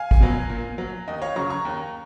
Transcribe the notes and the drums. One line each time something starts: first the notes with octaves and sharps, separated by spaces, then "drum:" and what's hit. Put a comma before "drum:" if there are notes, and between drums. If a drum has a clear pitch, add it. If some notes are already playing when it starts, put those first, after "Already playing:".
Already playing: F5 G#5
drum: kick G#1
B2 F#3
A#2
F#3
D#2 D#5
C#5 F5
C#3 F#3 A#5 C#6
A#5 C#6
D#2